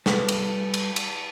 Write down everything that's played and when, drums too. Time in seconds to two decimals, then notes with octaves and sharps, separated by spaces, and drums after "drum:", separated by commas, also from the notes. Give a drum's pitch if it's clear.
0.06 G3 A4 B4, drum: snare
0.29 drum: cymbal
0.74 drum: cymbal
0.96 drum: cymbal